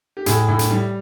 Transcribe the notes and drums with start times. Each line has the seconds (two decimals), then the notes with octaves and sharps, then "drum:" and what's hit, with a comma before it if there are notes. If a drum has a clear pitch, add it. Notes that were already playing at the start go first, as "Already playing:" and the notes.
0.17 G4
0.26 A2 G#4, drum: hi-hat
0.48 A2
0.59 drum: hi-hat
0.70 G3